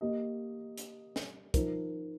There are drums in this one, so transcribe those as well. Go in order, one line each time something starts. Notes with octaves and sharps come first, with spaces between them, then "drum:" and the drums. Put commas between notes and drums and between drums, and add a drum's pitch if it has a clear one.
A#3 G4 D#5
drum: hi-hat
drum: snare
F3 D#4 A#4, drum: kick, hi-hat